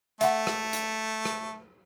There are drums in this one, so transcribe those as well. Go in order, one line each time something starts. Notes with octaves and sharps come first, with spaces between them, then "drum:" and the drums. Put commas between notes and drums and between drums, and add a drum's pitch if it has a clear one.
A3 E5 F#5, drum: hi-hat
drum: rim click
drum: hi-hat
drum: rim click